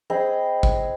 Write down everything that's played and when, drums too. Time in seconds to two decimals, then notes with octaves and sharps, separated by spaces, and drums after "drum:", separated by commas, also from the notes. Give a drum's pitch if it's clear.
0.10 C4 G#4 D#5 B5
0.63 drum: kick